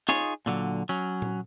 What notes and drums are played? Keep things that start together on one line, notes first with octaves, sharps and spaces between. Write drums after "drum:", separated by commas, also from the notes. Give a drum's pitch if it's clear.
D#4 F4 G#4 C#5, drum: snare
A#2 D3 F#3
F#3 C#4
drum: tom A#2